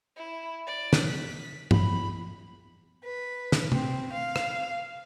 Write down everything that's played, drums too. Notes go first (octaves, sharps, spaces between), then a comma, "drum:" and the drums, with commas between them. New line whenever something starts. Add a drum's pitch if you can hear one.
E4
D5
drum: snare
B6
B5, drum: tom G2
B4
drum: snare
C4, drum: tom C3
F5
drum: rim click